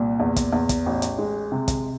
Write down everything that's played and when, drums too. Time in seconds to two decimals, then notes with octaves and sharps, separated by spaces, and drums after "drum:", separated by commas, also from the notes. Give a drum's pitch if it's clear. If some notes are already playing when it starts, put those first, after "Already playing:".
Already playing: C2 A#2
0.20 E2
0.36 drum: kick, hi-hat
0.53 E2
0.69 drum: kick, hi-hat
0.86 A1
1.02 drum: hi-hat
1.19 G#3
1.52 C3
1.68 drum: kick, hi-hat